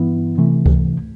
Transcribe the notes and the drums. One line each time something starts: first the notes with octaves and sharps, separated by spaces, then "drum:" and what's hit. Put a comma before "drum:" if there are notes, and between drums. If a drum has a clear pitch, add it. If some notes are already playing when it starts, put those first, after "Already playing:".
Already playing: G2 E3 B3 E4
C3 E3 A3
drum: kick C#2